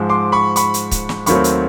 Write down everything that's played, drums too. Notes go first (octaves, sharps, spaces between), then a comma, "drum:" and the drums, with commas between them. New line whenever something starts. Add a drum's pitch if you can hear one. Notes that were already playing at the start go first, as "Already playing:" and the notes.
Already playing: G#2 F3 G#3
C6 D6
B5 C#6
B5 C#6, drum: hi-hat
drum: hi-hat
drum: kick C#1, hi-hat
drum: snare
D#2 D#3 F#3 A3 C4 B5 C#6, drum: hi-hat
drum: hi-hat